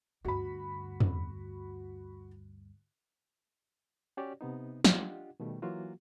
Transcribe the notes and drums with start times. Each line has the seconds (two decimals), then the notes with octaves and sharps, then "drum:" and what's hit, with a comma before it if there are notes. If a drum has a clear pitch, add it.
0.25 D2 G2 F#4 B5
1.00 drum: tom
4.17 C#4 F#4 G4 C#5 D5
4.41 C3 B3 D#4
4.84 D4 F4 G4 D#5 F#5, drum: snare
5.40 B2 D#3 G3 A3
5.62 E3 F#3 A#3 F4 F#4